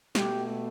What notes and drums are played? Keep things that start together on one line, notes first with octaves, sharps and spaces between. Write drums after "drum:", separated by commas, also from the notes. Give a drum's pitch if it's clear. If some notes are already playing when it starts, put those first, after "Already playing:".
B2 A3 G4, drum: snare